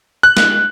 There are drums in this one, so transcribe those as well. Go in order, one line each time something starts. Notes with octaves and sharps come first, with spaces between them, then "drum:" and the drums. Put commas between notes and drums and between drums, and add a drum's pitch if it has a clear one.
F#6
drum: snare